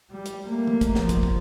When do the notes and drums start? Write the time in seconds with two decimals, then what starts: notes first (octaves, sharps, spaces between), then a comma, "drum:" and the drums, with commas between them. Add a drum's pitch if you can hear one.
0.11 G3
0.26 drum: hi-hat
0.47 A3 A#3
0.67 drum: tom E3
0.81 drum: kick, hi-hat
0.95 F3, drum: snare
1.09 drum: kick, hi-hat
1.23 drum: kick